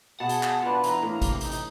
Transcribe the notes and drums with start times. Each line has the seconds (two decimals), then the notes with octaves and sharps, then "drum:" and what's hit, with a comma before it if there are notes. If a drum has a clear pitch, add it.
0.20 B2 G#4 F#5 A5
0.29 drum: hi-hat
0.43 drum: clap
0.62 D4 F4 B4
0.84 E3 A#5, drum: hi-hat
1.02 A2 A#3
1.22 C3, drum: kick G#1, hi-hat
1.41 D#4, drum: hi-hat
1.52 drum: hi-hat